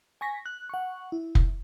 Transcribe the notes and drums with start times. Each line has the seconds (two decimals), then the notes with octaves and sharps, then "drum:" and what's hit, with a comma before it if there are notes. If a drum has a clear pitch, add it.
0.21 G#5 C#6 A#6 B6
0.46 F#6
0.69 F#5 C#6
1.12 E4
1.35 drum: kick F1